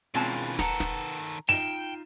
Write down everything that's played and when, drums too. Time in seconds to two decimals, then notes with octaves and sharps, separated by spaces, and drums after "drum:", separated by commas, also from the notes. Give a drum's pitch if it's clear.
0.14 B2 D#3 E3 G#3 C4 C#4 F4 A5
0.59 D#3 A4 B4 F#5 A5 A#5, drum: snare
0.80 drum: snare
1.49 D#4 F4 G5 E7